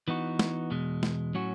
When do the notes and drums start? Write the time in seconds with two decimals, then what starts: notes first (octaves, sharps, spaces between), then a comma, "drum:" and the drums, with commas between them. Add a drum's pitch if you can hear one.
0.08 E3 B3 D#4 F#4
0.39 drum: snare
0.71 E2 B2 G#3
1.03 drum: snare
1.35 A2 F#3 C#4 F#4